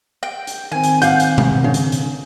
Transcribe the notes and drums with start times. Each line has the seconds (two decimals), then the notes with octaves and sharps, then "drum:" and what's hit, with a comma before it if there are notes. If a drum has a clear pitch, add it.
0.23 G5
0.47 drum: hi-hat
0.72 D#3 C4 G#5
0.84 drum: hi-hat
1.02 F5 F#5 G6, drum: hi-hat
1.20 drum: hi-hat
1.38 drum: tom B2
1.64 C#3
1.74 drum: hi-hat
1.92 drum: hi-hat